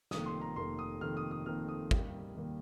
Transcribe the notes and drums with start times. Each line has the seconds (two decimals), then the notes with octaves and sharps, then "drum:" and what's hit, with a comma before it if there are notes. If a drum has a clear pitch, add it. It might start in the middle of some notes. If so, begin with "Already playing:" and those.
0.11 F1 F2 D#3 A#3 D#6, drum: snare
0.26 C6
0.41 A#5
0.56 F1 F2 D#3 A#3 C6
0.79 D#6
1.01 F1 F2 D#3 A#3 F6
1.17 D#6
1.31 D#6
1.46 F1 F2 D#3 A#3 F6
1.69 D#6
1.91 D#2 D#3 G3 A#3, drum: kick
2.36 D#2 D#3 G3 A#3